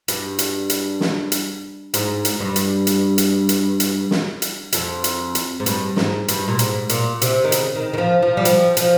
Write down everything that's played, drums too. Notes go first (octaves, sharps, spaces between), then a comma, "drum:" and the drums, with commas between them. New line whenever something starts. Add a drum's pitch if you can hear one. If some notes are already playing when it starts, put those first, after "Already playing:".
G2, drum: hi-hat
drum: hi-hat
drum: hi-hat
drum: snare
drum: hi-hat
G#2, drum: hi-hat
drum: hi-hat
G2
drum: hi-hat
drum: hi-hat
drum: hi-hat
drum: hi-hat
drum: hi-hat
drum: snare
drum: hi-hat
F2, drum: hi-hat
drum: hi-hat
drum: hi-hat
G#2
G2, drum: hi-hat
G#2, drum: snare
G2, drum: hi-hat
A#2
G#2, drum: hi-hat
A#2, drum: hi-hat
C3, drum: hi-hat
D#3
C#3, drum: hi-hat
D#3
D#3
F3
F3
G3
F3, drum: hi-hat
F3, drum: hi-hat